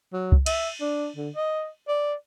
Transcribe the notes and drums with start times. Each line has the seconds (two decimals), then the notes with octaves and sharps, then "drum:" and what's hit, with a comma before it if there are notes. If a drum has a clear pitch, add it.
0.13 F#3
0.32 drum: kick C2
0.46 E5, drum: cymbal
0.81 D4
1.16 D3
1.36 D#5
1.88 D5